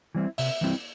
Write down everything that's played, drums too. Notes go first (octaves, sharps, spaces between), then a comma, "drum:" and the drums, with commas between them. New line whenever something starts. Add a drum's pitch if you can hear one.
E3 G3 C4 E4
C3 E5, drum: open hi-hat
E3 G3 C4 E4